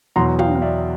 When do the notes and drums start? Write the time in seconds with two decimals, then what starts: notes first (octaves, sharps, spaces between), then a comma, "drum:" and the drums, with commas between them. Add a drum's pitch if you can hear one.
0.16 E2 B2 F#3 A#5 C6
0.39 F5 G5, drum: tom
0.55 F5
0.62 D5 E5